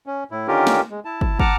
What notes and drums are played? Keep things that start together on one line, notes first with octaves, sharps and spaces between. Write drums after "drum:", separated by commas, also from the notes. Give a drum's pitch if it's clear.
C#4
A2 E4
D3 D#3 C#4 F4 G4 A#4
drum: snare
G#3
E4 A5
drum: kick
F#5 A5 A#5 D6 F6, drum: kick